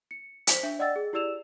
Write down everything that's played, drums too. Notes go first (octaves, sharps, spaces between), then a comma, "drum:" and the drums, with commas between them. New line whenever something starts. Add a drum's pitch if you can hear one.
C#7
C5 B6, drum: hi-hat
D4 E5
D5 D#5 F#5 G5 E6 A6
G#4
E4 G4 D5 E6 E7 F7